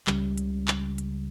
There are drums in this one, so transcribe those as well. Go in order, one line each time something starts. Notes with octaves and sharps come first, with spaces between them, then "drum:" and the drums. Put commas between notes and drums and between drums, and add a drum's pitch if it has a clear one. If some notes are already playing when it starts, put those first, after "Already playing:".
C#2 C#3 G3, drum: clap
drum: hi-hat
drum: clap
drum: hi-hat